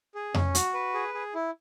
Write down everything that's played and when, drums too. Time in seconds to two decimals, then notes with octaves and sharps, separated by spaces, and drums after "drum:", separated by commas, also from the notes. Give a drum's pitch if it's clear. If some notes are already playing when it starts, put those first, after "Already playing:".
0.15 G#4
0.34 C#4, drum: tom F2
0.55 F#4, drum: hi-hat
0.74 B4
0.94 G#4
1.14 G#4
1.35 E4